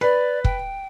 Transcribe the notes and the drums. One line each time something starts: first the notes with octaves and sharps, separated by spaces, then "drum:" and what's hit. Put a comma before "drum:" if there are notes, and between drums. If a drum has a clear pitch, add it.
B4 D5
G5, drum: kick